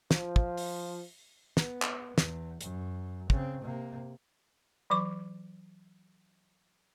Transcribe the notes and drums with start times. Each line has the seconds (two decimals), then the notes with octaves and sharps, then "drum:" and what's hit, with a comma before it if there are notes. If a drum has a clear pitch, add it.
0.11 F3, drum: snare
0.36 drum: kick
0.57 drum: open hi-hat
1.57 B3, drum: snare
1.82 drum: clap
2.18 E2, drum: snare
2.61 F#2, drum: hi-hat
3.30 C#3 C4, drum: kick
3.62 C3 A#3
4.90 E3 F#3 C#6 D6